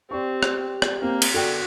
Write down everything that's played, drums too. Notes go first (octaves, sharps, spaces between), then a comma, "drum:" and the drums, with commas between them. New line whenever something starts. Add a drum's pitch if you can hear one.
C4 G4 D5 C#6
drum: rim click
drum: rim click
A#3 C4
drum: cymbal
D3 B3 F#4 A4 D5 G5